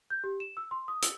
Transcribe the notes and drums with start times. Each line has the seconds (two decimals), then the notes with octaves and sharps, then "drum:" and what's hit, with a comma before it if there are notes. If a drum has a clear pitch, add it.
0.10 G6
0.24 G4
0.40 E7
0.57 E6
0.71 C6
0.88 D#6
1.02 E6, drum: hi-hat